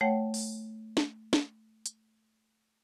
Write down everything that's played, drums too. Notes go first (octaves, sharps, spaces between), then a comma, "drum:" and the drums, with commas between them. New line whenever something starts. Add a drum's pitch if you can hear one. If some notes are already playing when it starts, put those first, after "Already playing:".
A3 C#5 F#5 G5
drum: open hi-hat
drum: snare
drum: snare
drum: hi-hat